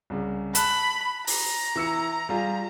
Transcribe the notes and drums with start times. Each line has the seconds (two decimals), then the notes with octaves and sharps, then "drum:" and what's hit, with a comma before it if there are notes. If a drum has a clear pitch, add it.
0.10 C2 C#3
0.55 A5 B5 F#6, drum: hi-hat
1.27 A#5, drum: open hi-hat
1.76 E3 E6 C#7
2.29 G3 F4 G#4